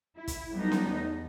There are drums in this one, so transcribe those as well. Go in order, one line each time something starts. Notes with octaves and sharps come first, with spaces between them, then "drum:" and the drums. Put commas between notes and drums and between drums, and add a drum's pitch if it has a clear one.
E4
drum: kick, hi-hat
F#3 G3 A3 B3 D#4
drum: snare C#4
E2